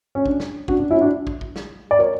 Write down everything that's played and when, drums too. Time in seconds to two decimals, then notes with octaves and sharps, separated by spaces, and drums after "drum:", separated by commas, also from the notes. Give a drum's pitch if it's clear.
0.15 C#4
0.26 D4, drum: kick
0.40 drum: snare
0.68 D4 F#4, drum: kick
0.79 D4
0.91 C#4 E4
1.01 D4 F#4
1.27 drum: kick
1.41 drum: kick
1.56 drum: snare
1.91 D5
1.99 A#4 C#5